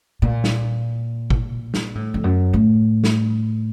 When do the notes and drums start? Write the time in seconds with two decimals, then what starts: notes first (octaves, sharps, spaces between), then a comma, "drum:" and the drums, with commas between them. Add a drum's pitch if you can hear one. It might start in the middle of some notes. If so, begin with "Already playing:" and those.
0.22 A#2
0.44 drum: snare
1.30 drum: kick
1.74 drum: snare
1.95 A2
2.14 F2
2.24 F#2
2.53 A2
3.04 drum: snare